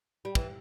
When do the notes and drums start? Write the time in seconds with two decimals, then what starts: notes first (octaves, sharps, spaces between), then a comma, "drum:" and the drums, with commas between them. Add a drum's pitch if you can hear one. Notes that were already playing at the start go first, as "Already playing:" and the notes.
0.25 G3
0.35 E3, drum: kick